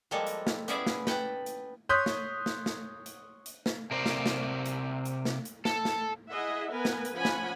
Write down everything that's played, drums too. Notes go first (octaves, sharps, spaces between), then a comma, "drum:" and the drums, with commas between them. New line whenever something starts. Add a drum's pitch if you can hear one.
F3 G3 G#3 A#3 A4
drum: hi-hat
drum: snare
B3 C#4 E4 G#4 D5 E5, drum: hi-hat
drum: snare
B4 F#5 G5 A5, drum: snare
drum: hi-hat
C#5 C6 D#6 F#6 G6 B6
drum: snare
drum: snare
drum: snare
drum: hi-hat
drum: hi-hat
drum: snare
C3 A#4 C5 D5
drum: snare
drum: snare
drum: hi-hat
drum: hi-hat
drum: snare
drum: hi-hat
A4, drum: snare
drum: snare
E4 G#4 D#5 E5 F#5
B3 A#4 B4 G#5
drum: snare
drum: hi-hat
F3 C#4 F#5 G#5 B5
drum: snare